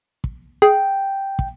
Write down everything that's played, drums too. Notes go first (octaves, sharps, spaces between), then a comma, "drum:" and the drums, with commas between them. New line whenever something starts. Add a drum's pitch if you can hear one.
drum: kick
G#4 G5
drum: kick